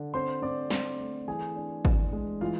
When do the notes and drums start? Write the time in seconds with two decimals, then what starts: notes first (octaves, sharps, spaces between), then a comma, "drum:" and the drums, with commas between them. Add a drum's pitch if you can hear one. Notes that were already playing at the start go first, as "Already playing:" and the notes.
Already playing: D3
0.14 C4 C5 C6
0.42 C4 D5 D6
0.70 C4 C5 C6, drum: snare
1.00 A3
1.28 E3 G#4 G#5
1.56 D4
1.85 D4, drum: kick G#1
2.13 G#3
2.41 E3 F4 F5